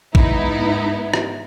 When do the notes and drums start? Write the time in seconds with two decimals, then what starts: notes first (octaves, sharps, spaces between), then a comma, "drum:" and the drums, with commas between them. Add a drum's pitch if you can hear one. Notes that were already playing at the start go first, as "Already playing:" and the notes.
0.15 G#2 B3 D#4 E4, drum: kick
1.14 drum: rim click